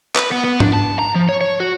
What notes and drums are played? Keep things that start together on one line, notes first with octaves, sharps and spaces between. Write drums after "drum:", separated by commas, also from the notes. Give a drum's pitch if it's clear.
B4, drum: clap
B3
B3
D4, drum: tom G#2
A5
A#5
F3
C#5
C#5
F#4